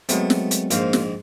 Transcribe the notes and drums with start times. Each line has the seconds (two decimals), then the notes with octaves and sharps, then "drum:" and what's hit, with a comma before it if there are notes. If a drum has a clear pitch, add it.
0.09 F#3 G#3 A3 B3 C4, drum: hi-hat
0.30 drum: snare
0.51 drum: hi-hat
0.71 A#1 G#2 A#3 C5 F5, drum: hi-hat
0.93 drum: snare